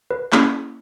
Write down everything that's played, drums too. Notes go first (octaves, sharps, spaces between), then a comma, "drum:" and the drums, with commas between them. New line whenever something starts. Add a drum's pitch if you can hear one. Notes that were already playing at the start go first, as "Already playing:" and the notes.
B4
A#3 C#4 E4 G#4, drum: clap